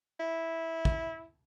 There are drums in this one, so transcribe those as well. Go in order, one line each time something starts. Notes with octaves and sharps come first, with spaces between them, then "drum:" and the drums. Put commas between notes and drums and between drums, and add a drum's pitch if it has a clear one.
E4
drum: kick